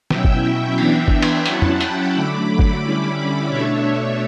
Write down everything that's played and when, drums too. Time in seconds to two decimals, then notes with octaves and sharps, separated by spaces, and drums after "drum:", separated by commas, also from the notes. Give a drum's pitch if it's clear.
0.10 B2 F#3 C#4 E4 E5 G5, drum: snare
0.24 drum: kick G1
0.78 E3 B3 D4, drum: cymbal
1.08 drum: kick G1
1.22 drum: cymbal
1.46 F#3 C#4 E4 F#5 A5, drum: hi-hat
1.62 drum: tom
1.81 G5 B5, drum: hi-hat
2.14 D3 F#3 A3 B5 D6
2.59 drum: kick G1
2.82 D3 G3 C#4 E4
3.48 B2 A3 D4 C#5 E5